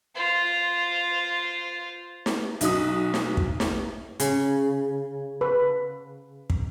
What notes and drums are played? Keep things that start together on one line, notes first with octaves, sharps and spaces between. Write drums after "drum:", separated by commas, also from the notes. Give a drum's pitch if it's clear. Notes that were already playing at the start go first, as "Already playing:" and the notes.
F4 C5
drum: snare
B1 D#4 F#4 D#6, drum: hi-hat
drum: snare
drum: kick
drum: snare
C#3, drum: hi-hat
B4
drum: kick